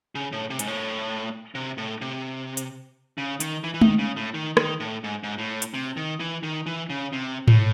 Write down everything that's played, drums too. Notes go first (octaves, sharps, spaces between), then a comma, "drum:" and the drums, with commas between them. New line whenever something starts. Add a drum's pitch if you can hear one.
C#3
A2
C3
G#2, drum: hi-hat
A2
C3
A2
C3
drum: hi-hat
C#3
D#3, drum: hi-hat
E3
E3
D#3, drum: tom G#3
C#3
A2
D#3
D#3, drum: rim click
A2
G#2
G#2
A2
drum: hi-hat
C3
D#3
E3
D#3
E3
C#3
C3
A2, drum: tom G#2